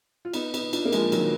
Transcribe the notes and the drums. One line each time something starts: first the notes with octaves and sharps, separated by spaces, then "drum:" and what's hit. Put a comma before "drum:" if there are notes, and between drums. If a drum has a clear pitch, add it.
F4
B3 D#4, drum: cymbal
B3 D#4, drum: cymbal
D4 F4, drum: cymbal
A#3
F3 G#3, drum: cymbal
D#3 F#3, drum: cymbal